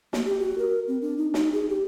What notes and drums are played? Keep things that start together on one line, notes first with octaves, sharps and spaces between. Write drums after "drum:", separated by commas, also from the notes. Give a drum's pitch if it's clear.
A#3, drum: snare
G4
F#4
A#4
C4
D4
D#4
D#4, drum: snare
G#4
G4